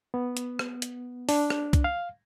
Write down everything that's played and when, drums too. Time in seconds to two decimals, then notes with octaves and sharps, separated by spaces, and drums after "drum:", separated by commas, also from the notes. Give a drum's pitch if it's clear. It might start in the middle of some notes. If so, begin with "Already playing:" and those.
0.14 B3
0.37 drum: hi-hat
0.59 drum: rim click
0.82 drum: hi-hat
1.29 D4, drum: open hi-hat
1.50 drum: rim click
1.73 drum: kick C2, hi-hat
1.84 F5